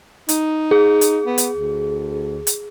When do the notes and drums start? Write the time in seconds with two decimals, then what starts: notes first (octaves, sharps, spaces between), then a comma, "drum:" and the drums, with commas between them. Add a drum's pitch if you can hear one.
0.29 D#4, drum: hi-hat
0.71 G#4
1.01 drum: hi-hat
1.26 B3
1.38 drum: hi-hat
1.57 D2
2.47 drum: hi-hat